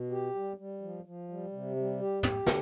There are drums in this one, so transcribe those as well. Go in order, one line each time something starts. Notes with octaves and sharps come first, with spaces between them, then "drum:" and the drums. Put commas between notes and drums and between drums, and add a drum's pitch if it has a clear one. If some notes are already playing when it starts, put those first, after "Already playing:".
Already playing: B2
G4
G3
G3
F3
F3
G3
C3
G3
G4
G4, drum: tom
D3, drum: snare